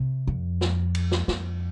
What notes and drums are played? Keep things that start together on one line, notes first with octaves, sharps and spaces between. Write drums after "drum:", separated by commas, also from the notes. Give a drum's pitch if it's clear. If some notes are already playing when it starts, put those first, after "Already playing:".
Already playing: C3
F2
drum: snare
drum: cymbal
drum: snare
F2, drum: snare